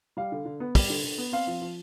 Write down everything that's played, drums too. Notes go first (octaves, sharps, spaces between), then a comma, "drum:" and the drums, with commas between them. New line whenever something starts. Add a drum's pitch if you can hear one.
G3 F5
D3
D3
B3
G3, drum: kick, open hi-hat
D3
D3
B3
C4 F5
F3
F3